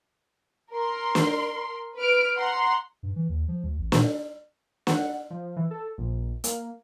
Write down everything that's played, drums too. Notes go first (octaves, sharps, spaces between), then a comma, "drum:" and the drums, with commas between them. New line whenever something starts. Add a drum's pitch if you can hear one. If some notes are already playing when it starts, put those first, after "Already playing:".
A#4 C6
drum: snare
B4 F6 D7
F#5 A#5 C6
G2
E3
D#2
F3
D2
A1
A#2, drum: snare
F#5, drum: snare
F3
E3
A4
A#1
A#3, drum: hi-hat